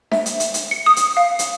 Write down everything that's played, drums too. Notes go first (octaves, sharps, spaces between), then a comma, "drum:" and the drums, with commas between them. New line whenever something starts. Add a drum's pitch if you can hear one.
E5, drum: snare D4
drum: hi-hat
drum: hi-hat
drum: hi-hat
C#7
D#6
drum: hi-hat
F5
drum: hi-hat